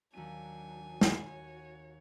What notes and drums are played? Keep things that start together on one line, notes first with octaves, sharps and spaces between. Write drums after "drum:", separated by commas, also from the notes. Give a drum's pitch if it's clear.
D#2 F#3 D4 G#5 D#7
drum: snare
F#4 C#5